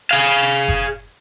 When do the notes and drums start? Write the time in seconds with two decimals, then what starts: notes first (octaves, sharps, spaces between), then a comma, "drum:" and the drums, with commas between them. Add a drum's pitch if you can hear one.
0.11 G#4 F5
0.41 drum: open hi-hat
0.68 drum: kick F#1